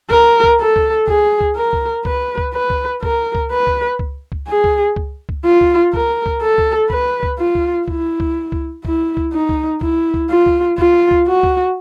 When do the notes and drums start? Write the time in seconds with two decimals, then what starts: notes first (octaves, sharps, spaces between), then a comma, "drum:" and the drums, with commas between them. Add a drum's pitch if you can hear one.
0.11 A#4, drum: kick C#2
0.44 drum: kick C#2
0.60 A4
0.76 drum: kick C#2
1.08 G#4, drum: kick C#2
1.41 drum: kick C#2
1.56 A#4
1.73 drum: kick C#2
2.05 B4, drum: kick C#2
2.38 drum: kick C#2
2.54 B4
2.70 drum: kick C#2
3.03 A#4, drum: kick C#2
3.35 drum: kick C#2
3.51 B4
3.67 drum: kick C#2
3.99 drum: kick C#2
4.32 drum: kick C#2
4.48 G#4
4.64 drum: kick C#2
4.96 drum: kick C#2
5.29 drum: kick C#2
5.45 F4
5.61 drum: kick C#2
5.94 A#4, drum: kick C#2
6.26 drum: kick C#2
6.42 A4
6.58 drum: kick C#2
6.90 B4, drum: kick C#2
7.23 drum: kick C#2
7.39 F4
7.55 drum: kick C#2
7.88 E4, drum: kick C#2
8.20 drum: kick C#2
8.52 drum: kick C#2
8.85 E4, drum: kick C#2
9.17 drum: kick C#2
9.33 D#4
9.49 drum: kick C#2
9.81 E4, drum: kick C#2
10.14 drum: kick C#2
10.30 F4
10.46 drum: kick C#2
10.78 F4, drum: kick C#2
11.11 drum: kick C#2
11.27 F#4
11.43 drum: kick C#2